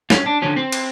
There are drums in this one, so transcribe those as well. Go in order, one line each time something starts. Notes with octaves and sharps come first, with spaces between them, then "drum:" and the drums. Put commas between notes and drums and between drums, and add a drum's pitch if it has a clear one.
G2 C#4, drum: snare
D4
D3 F3 C#4
C4
drum: cymbal